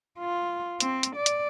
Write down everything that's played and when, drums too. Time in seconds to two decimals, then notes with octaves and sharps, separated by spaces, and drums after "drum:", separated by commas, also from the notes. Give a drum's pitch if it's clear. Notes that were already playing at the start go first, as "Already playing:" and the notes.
0.19 F4
0.80 C4, drum: hi-hat
1.03 drum: hi-hat
1.16 D5
1.26 drum: hi-hat